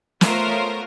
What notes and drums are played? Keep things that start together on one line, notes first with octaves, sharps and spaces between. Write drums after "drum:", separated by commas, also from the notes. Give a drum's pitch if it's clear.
A3 B3 F4 A#4 C5 C#5, drum: snare